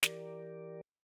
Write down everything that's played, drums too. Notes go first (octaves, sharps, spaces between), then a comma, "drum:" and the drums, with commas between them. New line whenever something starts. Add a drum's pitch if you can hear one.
E3 G4 A#4 D5, drum: snare